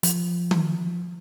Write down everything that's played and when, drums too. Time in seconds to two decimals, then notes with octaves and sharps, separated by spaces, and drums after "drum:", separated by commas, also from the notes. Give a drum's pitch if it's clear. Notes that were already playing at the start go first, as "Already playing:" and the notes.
0.03 F3, drum: hi-hat
0.51 drum: tom D#3